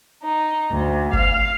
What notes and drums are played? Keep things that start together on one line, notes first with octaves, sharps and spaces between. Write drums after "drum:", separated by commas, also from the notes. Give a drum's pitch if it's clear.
D#4
D2
F5, drum: kick G1